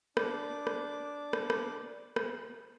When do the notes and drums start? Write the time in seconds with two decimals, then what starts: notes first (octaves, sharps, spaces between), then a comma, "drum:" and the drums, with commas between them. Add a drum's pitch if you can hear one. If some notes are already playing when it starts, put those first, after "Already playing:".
0.17 D4 D6, drum: rim click
0.67 drum: rim click
1.33 drum: rim click
1.50 drum: rim click
2.16 drum: rim click